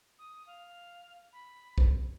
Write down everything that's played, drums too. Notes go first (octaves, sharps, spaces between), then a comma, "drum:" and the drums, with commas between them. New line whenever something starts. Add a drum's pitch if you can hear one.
D#6
F5
B5
drum: kick